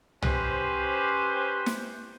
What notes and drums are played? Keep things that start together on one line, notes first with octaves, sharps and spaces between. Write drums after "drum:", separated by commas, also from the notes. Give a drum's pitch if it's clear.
C#4 G4 B4 C5, drum: tom
drum: snare